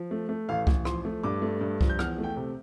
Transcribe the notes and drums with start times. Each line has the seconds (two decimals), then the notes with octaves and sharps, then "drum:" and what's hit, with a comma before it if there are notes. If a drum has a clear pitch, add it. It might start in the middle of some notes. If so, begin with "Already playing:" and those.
Already playing: F3
0.11 A3
0.29 A3
0.49 A1 F5
0.67 A1, drum: kick C2
0.85 F3 C6, drum: rim click
1.05 A3
1.24 G2 D6
1.42 A3
1.61 G2
1.81 F3, drum: kick C2
1.89 G6
1.99 E2 F6, drum: rim click
2.18 A3
2.24 G5
2.37 C3